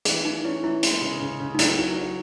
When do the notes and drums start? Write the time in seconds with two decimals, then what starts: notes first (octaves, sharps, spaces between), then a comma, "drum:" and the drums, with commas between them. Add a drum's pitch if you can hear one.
0.05 E3 G#4, drum: hi-hat
0.25 E3 D#4
0.44 C#4 E4
0.63 E3 E4
0.83 G#3, drum: hi-hat
1.01 C#3
1.21 C#3
1.40 C#3
1.55 D#4
1.59 F#3 E4, drum: hi-hat
1.78 F#3
1.97 F#3